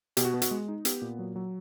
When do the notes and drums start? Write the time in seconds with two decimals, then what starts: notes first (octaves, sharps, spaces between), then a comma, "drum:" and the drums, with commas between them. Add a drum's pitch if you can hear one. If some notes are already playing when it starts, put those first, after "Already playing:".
0.17 B2 G4, drum: hi-hat
0.25 F#4
0.34 B3
0.42 F#4, drum: hi-hat
0.51 G#3
0.68 D#4
0.85 B3 G4, drum: hi-hat
1.02 A#2
1.19 F#3
1.36 F#3